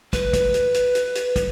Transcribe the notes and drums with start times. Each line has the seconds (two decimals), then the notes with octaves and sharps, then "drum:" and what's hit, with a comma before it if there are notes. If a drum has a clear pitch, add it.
0.13 B4, drum: kick, hi-hat
0.33 drum: kick, hi-hat
0.54 drum: hi-hat
0.74 drum: hi-hat
0.95 drum: hi-hat
1.15 drum: hi-hat
1.36 drum: kick, hi-hat